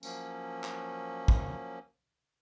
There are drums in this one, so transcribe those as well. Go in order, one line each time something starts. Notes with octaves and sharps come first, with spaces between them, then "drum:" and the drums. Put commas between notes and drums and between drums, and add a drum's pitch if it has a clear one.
F3 F#3 A#3 C#4, drum: tambourine
drum: clap
drum: kick